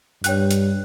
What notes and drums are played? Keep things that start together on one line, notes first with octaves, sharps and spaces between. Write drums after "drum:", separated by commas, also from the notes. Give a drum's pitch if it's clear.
G2 C#5 G5 F#6, drum: hi-hat
drum: hi-hat